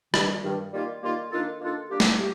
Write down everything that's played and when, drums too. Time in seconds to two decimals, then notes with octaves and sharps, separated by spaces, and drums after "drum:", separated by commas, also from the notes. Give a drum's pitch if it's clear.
0.14 G2 D#3 G3, drum: rim click
0.44 G2 D#3 G3
0.72 D#3 G3 A#3 F4
1.02 D#3 G3 A#3 F4
1.31 D#3 A#3 D4 F4 A4
1.60 D#3 A#3 D4 F4 A4
1.89 G3 A#3 D4 G4
2.00 drum: snare
2.19 G4